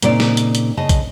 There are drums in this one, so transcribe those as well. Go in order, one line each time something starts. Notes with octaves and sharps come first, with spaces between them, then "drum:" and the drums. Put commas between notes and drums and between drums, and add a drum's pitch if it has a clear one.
A#2 C#3 C4 D#4 D5, drum: hi-hat
drum: snare
drum: hi-hat
drum: hi-hat
C#3 D#5 A5
drum: kick, hi-hat